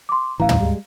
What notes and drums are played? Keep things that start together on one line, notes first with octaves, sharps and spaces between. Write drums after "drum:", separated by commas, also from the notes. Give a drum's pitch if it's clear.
C6 D6
D1 A1 E3 F5 A#5
drum: tom
G3 G#3